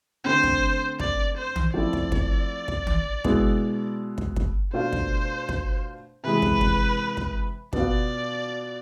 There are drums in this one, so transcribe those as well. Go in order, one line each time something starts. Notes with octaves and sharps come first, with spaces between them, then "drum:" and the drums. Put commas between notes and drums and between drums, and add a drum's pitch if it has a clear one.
D3 A3 C4 C5
drum: kick
D5, drum: kick
C5
drum: tom
F3 A3 C4 E4 D5
drum: kick
drum: kick
drum: kick
drum: tom
B2 G#3 B3 E4, drum: kick
drum: kick
drum: kick
B2 A3 D4 F4 C5
drum: kick
drum: kick
C3 E3 G#3 B4
drum: kick
drum: kick
drum: kick
B2 B3 F4 D5, drum: kick